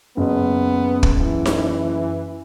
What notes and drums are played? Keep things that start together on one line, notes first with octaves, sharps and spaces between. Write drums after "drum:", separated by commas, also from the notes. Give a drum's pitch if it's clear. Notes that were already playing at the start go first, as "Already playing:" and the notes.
F#1 B3
drum: kick
E3
drum: snare D#4